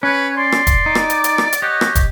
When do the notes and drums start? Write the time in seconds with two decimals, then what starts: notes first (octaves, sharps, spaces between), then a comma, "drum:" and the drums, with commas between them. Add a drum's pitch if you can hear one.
0.03 C#4 B4 C#5
0.37 D5 C6
0.52 drum: rim click
0.67 drum: kick, hi-hat
0.86 D#4
0.95 drum: rim click
1.10 D6, drum: hi-hat
1.24 drum: hi-hat
1.38 drum: rim click
1.53 drum: hi-hat
1.62 G4 C#5 D#5 F#5
1.81 drum: rim click
1.95 drum: kick, hi-hat